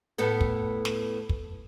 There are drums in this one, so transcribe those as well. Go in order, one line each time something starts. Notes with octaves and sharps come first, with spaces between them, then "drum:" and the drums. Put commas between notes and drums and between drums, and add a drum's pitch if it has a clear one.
A2 B3 A4
drum: kick
drum: snare
drum: kick